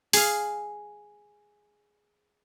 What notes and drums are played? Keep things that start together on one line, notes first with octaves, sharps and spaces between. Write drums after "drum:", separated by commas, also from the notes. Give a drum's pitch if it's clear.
G#4 F5, drum: open hi-hat